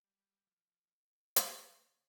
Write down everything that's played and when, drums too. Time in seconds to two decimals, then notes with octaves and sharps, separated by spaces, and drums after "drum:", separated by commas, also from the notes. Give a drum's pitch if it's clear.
0.04 G3
0.47 F3
1.36 drum: hi-hat
1.79 D3